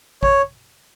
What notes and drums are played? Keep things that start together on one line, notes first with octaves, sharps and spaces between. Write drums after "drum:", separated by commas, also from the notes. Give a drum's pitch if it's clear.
C#5, drum: kick